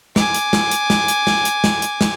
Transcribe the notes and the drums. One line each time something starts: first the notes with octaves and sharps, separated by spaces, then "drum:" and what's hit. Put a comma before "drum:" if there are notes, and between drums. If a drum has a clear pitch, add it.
G#5 D6, drum: snare
drum: hi-hat
drum: snare
drum: hi-hat
drum: snare
drum: hi-hat
drum: snare
drum: hi-hat
drum: snare
drum: hi-hat
drum: snare